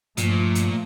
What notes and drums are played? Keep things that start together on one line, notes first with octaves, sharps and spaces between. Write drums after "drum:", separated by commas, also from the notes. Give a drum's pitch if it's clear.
G2 A#2 F3 A3, drum: hi-hat
drum: hi-hat